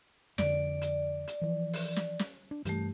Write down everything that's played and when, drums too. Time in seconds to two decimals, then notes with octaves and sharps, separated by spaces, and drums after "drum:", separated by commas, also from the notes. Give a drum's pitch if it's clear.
0.38 F2 D3 D5, drum: snare
0.81 drum: hi-hat
1.27 drum: hi-hat
1.42 E3 F3
1.73 drum: open hi-hat
1.96 drum: snare
2.19 drum: snare
2.51 D4
2.65 G2 E3 A3 G4, drum: hi-hat